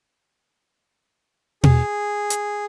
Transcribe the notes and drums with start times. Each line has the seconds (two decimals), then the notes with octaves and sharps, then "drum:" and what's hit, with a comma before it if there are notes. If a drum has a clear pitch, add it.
1.64 G#4, drum: tom B2
2.30 drum: hi-hat